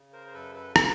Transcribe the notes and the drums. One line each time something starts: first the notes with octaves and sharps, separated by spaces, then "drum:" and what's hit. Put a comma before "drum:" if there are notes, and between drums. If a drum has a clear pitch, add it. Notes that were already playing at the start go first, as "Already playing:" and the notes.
Already playing: C#3
A#4 C5
C5
F#2 A4 B4
A4 B4
A4 B4, drum: rim click